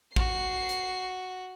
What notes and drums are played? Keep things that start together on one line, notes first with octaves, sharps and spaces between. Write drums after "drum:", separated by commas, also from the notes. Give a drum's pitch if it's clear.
F#4 C7, drum: kick
drum: hi-hat